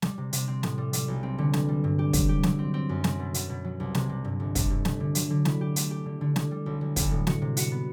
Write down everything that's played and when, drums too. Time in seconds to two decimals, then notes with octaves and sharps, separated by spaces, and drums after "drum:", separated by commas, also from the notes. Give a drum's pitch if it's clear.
0.02 G3, drum: snare
0.18 C3
0.33 C3, drum: hi-hat
0.48 C4
0.63 A2, drum: snare
0.78 G3
0.93 G3, drum: hi-hat
1.08 B1
1.23 C4
1.38 D3
1.53 D3, drum: snare
1.69 G3
1.84 G2
1.99 G4
2.13 F#3, drum: kick, hi-hat
2.29 G4
2.43 F#3, drum: snare
2.59 C4
2.74 C4
2.89 F#2
3.04 C4, drum: snare
3.20 B2
3.34 B2, drum: hi-hat
3.50 B2
3.64 F#3
3.80 C2
3.95 C3, drum: snare
4.09 C3
4.25 G2
4.40 G1
4.55 G1, drum: kick, hi-hat
4.70 G2
4.85 A3, drum: snare
5.00 D3
5.15 F#3, drum: hi-hat
5.30 D3
5.45 E4, drum: snare
5.61 G4
5.76 A3, drum: hi-hat
5.91 G4
6.06 D3
6.21 D3
6.36 D3, drum: snare
6.51 G3
6.66 B1
6.81 B1
6.96 B1, drum: kick, hi-hat
7.11 A2
7.27 F#4, drum: snare
7.42 C3
7.57 F#4, drum: hi-hat
7.72 B3